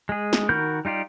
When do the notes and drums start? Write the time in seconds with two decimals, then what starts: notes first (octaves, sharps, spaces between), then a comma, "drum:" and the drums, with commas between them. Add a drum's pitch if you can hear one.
0.09 G#3 G#4
0.33 drum: snare
0.49 D#3 F#4 A#4 B5 G6
0.85 G3 D#4 F4 G4 D5